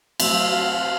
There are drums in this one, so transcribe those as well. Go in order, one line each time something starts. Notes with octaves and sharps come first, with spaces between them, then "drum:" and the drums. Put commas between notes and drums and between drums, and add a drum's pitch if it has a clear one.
F#3 A3 C4 E5, drum: cymbal
F5
F5
F#5
F5